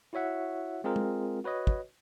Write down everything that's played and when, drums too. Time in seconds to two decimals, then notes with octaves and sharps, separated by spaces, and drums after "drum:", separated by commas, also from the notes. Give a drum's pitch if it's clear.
0.13 E4 F#4 C#5 E5 F#5
0.84 G#3 C4 F4 G#4 A#4
0.96 drum: tom
1.44 F#4 B4 C#5 D#5
1.67 drum: kick